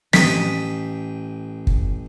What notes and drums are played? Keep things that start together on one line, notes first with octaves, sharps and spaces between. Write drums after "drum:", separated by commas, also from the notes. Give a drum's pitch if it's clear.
A1 G5 D#6 B6, drum: snare
drum: kick